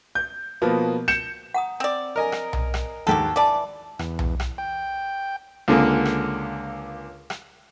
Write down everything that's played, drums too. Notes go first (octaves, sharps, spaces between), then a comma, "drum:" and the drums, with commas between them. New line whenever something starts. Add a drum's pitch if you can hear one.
G6
B2 F3 A#3 B3
G6 C#7 E7, drum: rim click
F#5 A#5 D#6
C4 D5
A#4 D#5 G#5
drum: rim click
drum: tom B1
drum: rim click
D#2 G#2 F#4 G4 A4
E3 D5 F5 A5 D6
E2, drum: rim click
drum: tom B1
drum: rim click
G5
C#2 D3 A#3 G#4
drum: rim click
drum: rim click